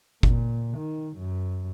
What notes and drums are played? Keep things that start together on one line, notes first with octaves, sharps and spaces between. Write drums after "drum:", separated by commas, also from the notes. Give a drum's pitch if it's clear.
A#2, drum: kick G1
D#3
F#2